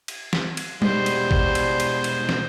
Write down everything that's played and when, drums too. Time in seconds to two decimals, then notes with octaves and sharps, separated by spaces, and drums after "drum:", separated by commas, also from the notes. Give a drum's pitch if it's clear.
0.08 drum: cymbal
0.33 drum: snare
0.57 drum: cymbal
0.82 B2 G3 G#3 C5, drum: tom G3
1.06 drum: cymbal
1.31 drum: kick
1.55 drum: cymbal
1.80 drum: cymbal
2.04 drum: cymbal
2.29 drum: snare